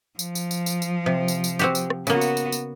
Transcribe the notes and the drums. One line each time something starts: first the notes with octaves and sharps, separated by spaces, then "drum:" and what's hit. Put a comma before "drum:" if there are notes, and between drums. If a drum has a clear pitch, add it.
F3, drum: tambourine
drum: tambourine
drum: tambourine
drum: tambourine
drum: tambourine
C3
drum: tambourine
drum: tambourine
C4 F#4 G4, drum: tambourine
drum: tambourine
drum: rim click
C#3 A#3 B3 F#4, drum: tambourine
drum: tambourine
drum: tambourine
drum: tambourine